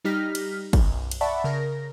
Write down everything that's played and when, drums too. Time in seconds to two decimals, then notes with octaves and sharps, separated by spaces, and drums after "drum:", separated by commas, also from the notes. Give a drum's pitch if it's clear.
0.05 G3 D#4 G4 F6 A#6 B6
0.35 drum: cymbal
0.73 B1 F#2, drum: kick, cymbal
1.11 drum: cymbal
1.21 D5 E5 F#5 A5 B5 C#6
1.44 C#3 A#4 A#6